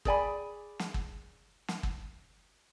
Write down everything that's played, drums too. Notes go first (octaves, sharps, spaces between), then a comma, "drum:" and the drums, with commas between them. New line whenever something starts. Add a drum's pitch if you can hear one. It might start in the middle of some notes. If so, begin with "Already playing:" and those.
G#4 D5 G#5 B5, drum: kick
drum: snare
drum: kick
drum: snare
drum: kick